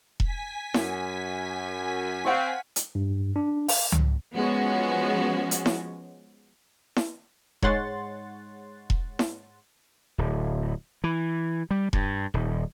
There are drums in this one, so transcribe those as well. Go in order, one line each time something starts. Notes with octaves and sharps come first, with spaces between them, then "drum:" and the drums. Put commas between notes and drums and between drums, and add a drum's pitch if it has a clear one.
G#5 B6, drum: kick E1
F#2, drum: snare E4
C4 F5 F#5 C#6
drum: hi-hat
G2
D4
F5, drum: open hi-hat
drum: tom C#2
F3 G#3 B3 C#4 F#4
drum: hi-hat
drum: snare E4
drum: snare E4
G#2 G#3 C#5 F#5 C6 A6, drum: kick E1
drum: kick E1
drum: snare E4
D1
E3
G3
G2, drum: kick E1
D#1